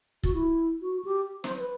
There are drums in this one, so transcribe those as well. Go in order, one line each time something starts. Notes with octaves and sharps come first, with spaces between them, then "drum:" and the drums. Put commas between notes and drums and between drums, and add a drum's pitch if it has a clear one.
F#4, drum: kick
E4
F#4
G4
C5, drum: snare
C5
B4